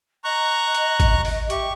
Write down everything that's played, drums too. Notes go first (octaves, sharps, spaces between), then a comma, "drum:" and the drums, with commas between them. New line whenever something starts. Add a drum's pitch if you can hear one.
D#5 A#5 C#6 F#6
drum: hi-hat
drum: kick G#1, hi-hat
drum: open hi-hat
G4 E5 C#6, drum: hi-hat